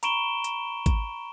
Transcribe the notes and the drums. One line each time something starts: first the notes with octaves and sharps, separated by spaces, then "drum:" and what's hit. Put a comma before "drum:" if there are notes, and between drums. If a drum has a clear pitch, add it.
A#5 B5 C#6 D7 E7 G7, drum: hi-hat
drum: hi-hat
drum: kick G#1, hi-hat